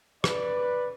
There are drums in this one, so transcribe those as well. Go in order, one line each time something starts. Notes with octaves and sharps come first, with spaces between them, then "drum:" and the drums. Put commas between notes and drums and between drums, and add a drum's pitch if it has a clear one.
B4 D5, drum: rim click